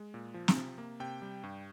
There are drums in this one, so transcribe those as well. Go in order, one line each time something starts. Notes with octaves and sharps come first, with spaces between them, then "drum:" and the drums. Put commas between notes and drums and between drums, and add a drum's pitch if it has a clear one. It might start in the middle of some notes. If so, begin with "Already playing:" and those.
Already playing: G#3
A#2
F3
drum: snare
C3
A#3
C3 G5
G3
G2